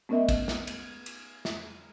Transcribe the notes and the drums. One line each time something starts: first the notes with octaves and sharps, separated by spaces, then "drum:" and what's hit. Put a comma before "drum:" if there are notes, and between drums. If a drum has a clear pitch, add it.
A3 B3 C#4 A#4 D#5 E5
drum: kick, cymbal
drum: snare
drum: cymbal
drum: cymbal
drum: snare